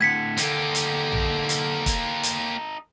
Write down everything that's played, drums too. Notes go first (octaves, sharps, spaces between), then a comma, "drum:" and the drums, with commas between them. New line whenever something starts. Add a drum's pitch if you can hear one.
A2 D3 G#6 B6 C#7
D3 A#3 D#4 G4 A4, drum: hi-hat
drum: hi-hat
drum: tom A#1
drum: hi-hat
drum: kick, hi-hat
drum: hi-hat